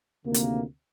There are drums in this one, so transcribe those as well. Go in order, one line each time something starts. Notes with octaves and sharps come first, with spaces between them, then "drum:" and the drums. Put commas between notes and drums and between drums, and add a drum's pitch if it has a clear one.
D2 C3 D#3 A#3
drum: hi-hat